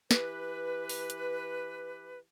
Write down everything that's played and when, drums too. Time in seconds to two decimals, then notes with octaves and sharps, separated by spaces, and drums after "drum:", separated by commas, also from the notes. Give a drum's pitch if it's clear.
0.11 E3 G4 B4, drum: snare
0.89 drum: open hi-hat
1.10 drum: hi-hat